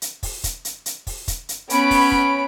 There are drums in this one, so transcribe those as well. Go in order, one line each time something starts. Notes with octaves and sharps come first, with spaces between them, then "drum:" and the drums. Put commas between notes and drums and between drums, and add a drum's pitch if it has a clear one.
drum: hi-hat
drum: kick, open hi-hat
drum: kick, hi-hat
drum: hi-hat
drum: hi-hat
drum: kick, open hi-hat
drum: kick, hi-hat
drum: hi-hat
B3 C#4 C#5 B5 D7, drum: hi-hat
drum: kick, open hi-hat
drum: kick